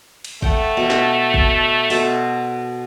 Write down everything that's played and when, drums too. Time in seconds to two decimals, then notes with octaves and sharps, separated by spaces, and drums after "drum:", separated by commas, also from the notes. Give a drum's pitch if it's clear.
0.25 drum: cymbal
0.42 A3 F#5 G5, drum: kick
0.77 B2
0.90 drum: snare
1.34 drum: kick
1.90 B2 A4 C5, drum: open hi-hat